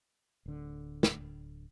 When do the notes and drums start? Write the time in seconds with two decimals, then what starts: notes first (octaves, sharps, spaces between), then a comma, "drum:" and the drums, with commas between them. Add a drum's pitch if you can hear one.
0.46 D1 D3
1.03 drum: snare